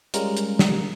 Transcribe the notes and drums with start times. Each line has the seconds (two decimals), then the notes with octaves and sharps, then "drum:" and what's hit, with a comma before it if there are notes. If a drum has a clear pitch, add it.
0.14 G3 G#3 C#4 F4 A#4, drum: hi-hat
0.37 drum: hi-hat
0.59 drum: snare